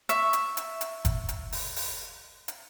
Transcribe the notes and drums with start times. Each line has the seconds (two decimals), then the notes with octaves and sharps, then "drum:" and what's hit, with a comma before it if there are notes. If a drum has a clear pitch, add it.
0.09 E5 C#6, drum: hi-hat
0.33 drum: hi-hat
0.57 drum: hi-hat
0.81 drum: hi-hat
1.05 drum: kick F#1, hi-hat
1.29 drum: hi-hat
1.52 drum: open hi-hat
1.76 drum: open hi-hat
2.48 drum: hi-hat